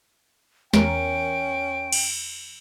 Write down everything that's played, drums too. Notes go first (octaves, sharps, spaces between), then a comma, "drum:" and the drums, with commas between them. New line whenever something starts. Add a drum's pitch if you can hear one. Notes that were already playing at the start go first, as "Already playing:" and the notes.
E2 C#4 A#4 G5 D7, drum: snare
drum: cymbal